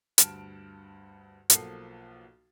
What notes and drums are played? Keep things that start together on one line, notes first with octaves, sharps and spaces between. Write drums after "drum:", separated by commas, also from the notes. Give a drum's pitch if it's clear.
D2 G2 A5 F6 D7 E7, drum: hi-hat
B1 F3 A#3 A4 F#5 C7, drum: hi-hat